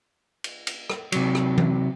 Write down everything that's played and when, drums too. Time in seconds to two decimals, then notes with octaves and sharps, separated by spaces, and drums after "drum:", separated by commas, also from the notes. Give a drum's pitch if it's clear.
0.44 drum: cymbal
0.67 drum: cymbal
0.90 drum: rim click
1.12 C3 F#3, drum: cymbal
1.35 drum: rim click
1.58 drum: tom E3